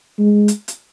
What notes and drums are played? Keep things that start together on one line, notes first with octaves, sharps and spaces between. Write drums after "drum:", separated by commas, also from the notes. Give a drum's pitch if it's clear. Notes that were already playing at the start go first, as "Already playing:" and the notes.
G#3
drum: hi-hat
drum: hi-hat